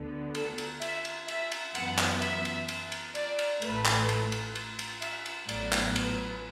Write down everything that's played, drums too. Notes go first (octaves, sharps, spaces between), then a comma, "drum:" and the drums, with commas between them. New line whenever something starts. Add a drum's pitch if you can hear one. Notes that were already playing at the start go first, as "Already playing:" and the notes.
Already playing: D2 D3 B3
A4, drum: cymbal
drum: cymbal
E5, drum: cymbal
drum: cymbal
E5, drum: cymbal
drum: cymbal
F#2 E3 B3 F#5, drum: cymbal
drum: clap
E5, drum: cymbal
drum: cymbal
drum: cymbal
drum: cymbal
D5, drum: cymbal
drum: cymbal
A1 A2 A3 B4, drum: cymbal
drum: clap
drum: cymbal
drum: cymbal
drum: cymbal
drum: cymbal
E5, drum: cymbal
drum: cymbal
A1 A2 F#3 B3 D5, drum: cymbal
drum: clap
B4, drum: cymbal